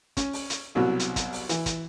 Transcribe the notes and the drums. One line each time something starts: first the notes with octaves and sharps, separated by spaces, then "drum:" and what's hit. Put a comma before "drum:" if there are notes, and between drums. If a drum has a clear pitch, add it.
C#4, drum: kick, hi-hat
drum: open hi-hat
drum: hi-hat
C2 B2 F#3
drum: hi-hat
drum: kick, hi-hat
drum: open hi-hat
E3, drum: hi-hat
drum: kick, hi-hat